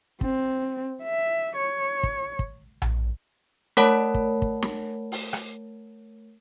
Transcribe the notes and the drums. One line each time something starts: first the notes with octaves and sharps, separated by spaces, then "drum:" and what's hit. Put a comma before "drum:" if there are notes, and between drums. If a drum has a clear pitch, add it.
C4, drum: kick
E5
C#5
drum: kick
drum: kick
drum: tom A#1
A3 A#4 C#5 F#5 A5 B5, drum: snare
drum: kick
drum: kick
drum: snare
drum: open hi-hat
drum: rim click